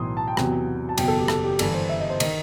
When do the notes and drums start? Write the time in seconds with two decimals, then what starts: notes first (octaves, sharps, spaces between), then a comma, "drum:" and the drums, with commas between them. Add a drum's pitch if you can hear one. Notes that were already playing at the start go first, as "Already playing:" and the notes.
Already playing: B1 A2 E3 C6 D#6
0.17 A5
0.28 G5
0.37 E2 C3 F#3, drum: rim click
0.89 A5
0.98 F#1 E2 B2 F#3 G5, drum: cymbal
1.08 A4
1.19 G4
1.28 A4, drum: rim click
1.44 G4
1.59 G1 G2 E3 A4, drum: cymbal
1.74 C5
1.89 E5
2.00 D#5
2.10 C5
2.20 D#3 D#5, drum: cymbal